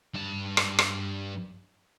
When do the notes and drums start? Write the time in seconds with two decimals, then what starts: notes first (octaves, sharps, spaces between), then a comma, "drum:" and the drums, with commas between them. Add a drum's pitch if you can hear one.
0.14 G2 A5
0.57 drum: rim click
0.79 drum: rim click